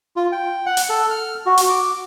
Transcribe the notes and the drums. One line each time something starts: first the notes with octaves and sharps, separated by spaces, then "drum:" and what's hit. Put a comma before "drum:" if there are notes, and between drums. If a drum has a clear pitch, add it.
F4
G5
F#5
drum: hi-hat
A4
F6
F#4
drum: hi-hat
D6